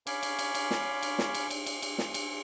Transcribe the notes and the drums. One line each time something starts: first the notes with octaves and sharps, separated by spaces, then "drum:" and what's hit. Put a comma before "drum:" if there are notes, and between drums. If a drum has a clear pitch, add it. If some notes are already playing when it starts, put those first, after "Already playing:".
C#4 C#5 F5 B5 D6, drum: cymbal
drum: cymbal
drum: cymbal
drum: cymbal
drum: snare
drum: cymbal
drum: snare
drum: cymbal
drum: cymbal
drum: cymbal
drum: cymbal
drum: snare
drum: cymbal